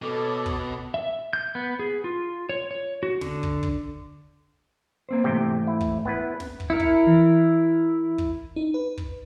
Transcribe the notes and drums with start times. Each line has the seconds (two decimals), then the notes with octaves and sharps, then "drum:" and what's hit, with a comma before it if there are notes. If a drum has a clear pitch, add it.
0.02 B2 A4 C#5 D6
0.46 drum: kick
0.94 E5
1.33 G6
1.55 B3
1.79 G#4
2.04 F4
2.49 C#5
2.71 C#5
3.03 F#4
3.21 D3, drum: snare
3.43 drum: kick
3.63 drum: kick
5.09 A#3 C4 C5
5.24 G#2 C3 E3 A3 G5
5.67 E4
5.81 drum: kick
6.05 B3 E4 B4
6.40 drum: snare
6.60 drum: kick
6.70 E4 A#4 C#7
6.80 drum: kick
7.07 E3
8.18 drum: kick
8.56 D#4
8.74 B4
8.97 drum: kick